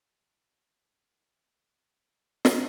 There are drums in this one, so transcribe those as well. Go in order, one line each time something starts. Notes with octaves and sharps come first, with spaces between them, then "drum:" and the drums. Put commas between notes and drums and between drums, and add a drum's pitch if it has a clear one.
D4 D#4 F4 D6
drum: snare